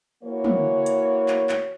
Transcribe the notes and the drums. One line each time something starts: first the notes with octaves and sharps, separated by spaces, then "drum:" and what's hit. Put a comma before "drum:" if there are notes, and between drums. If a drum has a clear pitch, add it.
E3 A#3 F#4 C#5
drum: tom
drum: hi-hat
drum: clap
drum: clap